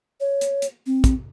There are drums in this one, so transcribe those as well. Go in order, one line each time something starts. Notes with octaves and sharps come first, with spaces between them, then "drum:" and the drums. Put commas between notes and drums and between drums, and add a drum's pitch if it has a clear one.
C#5
drum: hi-hat
drum: hi-hat
C4
drum: kick, hi-hat